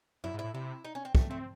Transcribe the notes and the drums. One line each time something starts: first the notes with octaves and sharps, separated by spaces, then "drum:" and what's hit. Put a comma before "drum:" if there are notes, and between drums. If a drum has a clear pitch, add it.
F#2 E4
G#2
E4
A2
C3 E4
D#4
C#4
C4
A3, drum: kick
A3 C4